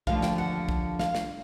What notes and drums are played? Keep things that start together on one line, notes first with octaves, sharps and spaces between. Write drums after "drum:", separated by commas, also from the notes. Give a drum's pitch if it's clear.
D#2 D3 F3 A3 F5, drum: kick B1
G5, drum: snare
F#5
drum: kick B1
F5, drum: snare
drum: snare